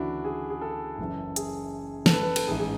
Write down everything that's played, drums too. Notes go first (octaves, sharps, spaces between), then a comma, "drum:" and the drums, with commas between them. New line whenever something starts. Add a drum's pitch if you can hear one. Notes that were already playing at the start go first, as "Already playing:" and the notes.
Already playing: D2 C#3 E3 D4 E4 F#4
G#4
G#4
A4
F#1 F#2 E3
G#4, drum: hi-hat
A4, drum: snare
B4
B4
A4, drum: cymbal
A1 G#2 E3 G#4
G#4